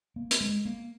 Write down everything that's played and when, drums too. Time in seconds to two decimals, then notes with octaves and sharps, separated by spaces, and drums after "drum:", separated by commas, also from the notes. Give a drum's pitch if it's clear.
0.16 A#3
0.31 drum: hi-hat
0.41 G2 G#3
0.65 A#3